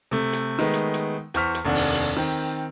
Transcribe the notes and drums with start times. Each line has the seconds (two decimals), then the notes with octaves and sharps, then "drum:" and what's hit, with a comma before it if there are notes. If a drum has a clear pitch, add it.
0.11 C3 A3
0.33 drum: hi-hat
0.59 D#3 G#3 A3 B3
0.74 drum: hi-hat
0.94 drum: hi-hat
1.34 E2 C5 C#6 F6 B6, drum: hi-hat
1.55 drum: hi-hat
1.65 F1 D#2 D4 F#5
1.75 drum: open hi-hat
1.95 drum: hi-hat
2.17 D#3 C4